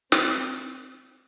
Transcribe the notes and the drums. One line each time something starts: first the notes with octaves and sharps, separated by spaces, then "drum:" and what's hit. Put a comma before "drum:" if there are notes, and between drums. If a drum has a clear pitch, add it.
C4, drum: snare